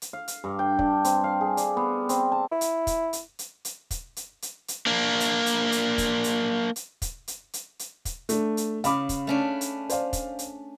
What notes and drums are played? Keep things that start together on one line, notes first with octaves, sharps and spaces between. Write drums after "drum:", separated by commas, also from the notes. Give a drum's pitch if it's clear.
drum: hi-hat
F5
drum: hi-hat
G2
G5
D4, drum: kick
C4, drum: hi-hat
F5
G#4
D5, drum: hi-hat
B3
C4, drum: hi-hat
A5
E4
drum: hi-hat
drum: kick, hi-hat
drum: hi-hat
drum: hi-hat
drum: hi-hat
drum: kick, hi-hat
drum: hi-hat
drum: hi-hat
drum: hi-hat
A#3 D4
drum: hi-hat
drum: hi-hat
drum: hi-hat
drum: kick, hi-hat
drum: hi-hat
drum: hi-hat
drum: kick, hi-hat
drum: hi-hat
drum: hi-hat
drum: hi-hat
drum: kick, hi-hat
A3 D4, drum: hi-hat
drum: hi-hat
C#3 F5 B5 D6, drum: hi-hat
drum: kick, hi-hat
A3 C#4 D4
drum: hi-hat
C5 D5 F5, drum: hi-hat
drum: kick, hi-hat
drum: hi-hat